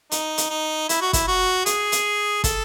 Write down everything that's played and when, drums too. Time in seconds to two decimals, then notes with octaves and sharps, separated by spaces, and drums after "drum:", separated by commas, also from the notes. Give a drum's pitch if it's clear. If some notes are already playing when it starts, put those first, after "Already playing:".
0.11 D#4, drum: hi-hat
0.38 drum: hi-hat
0.50 D#4
0.89 E4, drum: hi-hat
1.01 F#4
1.13 E4, drum: kick, hi-hat
1.28 F#4
1.66 G#4, drum: hi-hat
1.92 drum: hi-hat
2.44 A4, drum: kick, hi-hat